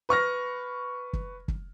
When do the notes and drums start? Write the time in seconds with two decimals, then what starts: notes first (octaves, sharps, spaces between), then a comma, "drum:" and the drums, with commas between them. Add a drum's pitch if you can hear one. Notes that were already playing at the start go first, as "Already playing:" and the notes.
0.09 B4 C#6 F6 A#6
1.13 drum: kick
1.48 drum: kick